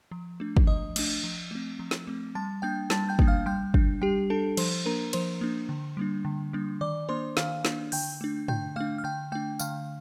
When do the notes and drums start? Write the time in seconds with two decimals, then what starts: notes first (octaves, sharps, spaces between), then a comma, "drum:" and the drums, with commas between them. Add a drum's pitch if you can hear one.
0.11 F3
0.40 A3 D4
0.57 drum: kick
0.67 F3 D#5 D#6
0.96 A3 D4, drum: cymbal
1.24 F3
1.51 A3 C4
1.79 F3
1.91 drum: snare
2.07 A3 C4
2.35 G3 A5 A6
2.62 A#3 D4 G5 G6
2.90 G3 A5 A6, drum: snare
3.09 G5 G6
3.19 A#3 D4, drum: kick
3.27 F5 F6
3.46 G3 G5 G6
3.74 D4, drum: kick
4.02 G3 G4 G5
4.30 D4 A4 A5
4.57 F3 C5 C6, drum: cymbal
4.86 A#3 D4 A#4 A#5
5.13 F3 C5 C6, drum: cymbal
5.41 A#3 D4
5.69 D3
5.97 G3 A#3 D4
6.25 D3
6.53 G3 A#3 D4
6.81 D#3 D5 D6
7.09 A#3 D4 C5 C6
7.37 D#3 F5 F6, drum: snare
7.65 A#3 D4, drum: snare
7.92 D3 G5 G6, drum: open hi-hat
8.21 A3 D4
8.48 D3 G5 G6, drum: tom
8.76 A3 D4 F5 F6
8.98 F6
9.04 D3 G5 G6
9.32 A3 D4 G5 G6
9.59 D3 F5 F6, drum: tambourine